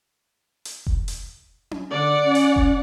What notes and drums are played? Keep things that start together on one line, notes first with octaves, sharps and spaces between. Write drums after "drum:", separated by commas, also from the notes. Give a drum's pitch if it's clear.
drum: hi-hat
drum: kick F1
drum: hi-hat
drum: tom C#4
D3 D5 F#5
C#4
drum: hi-hat
drum: kick F1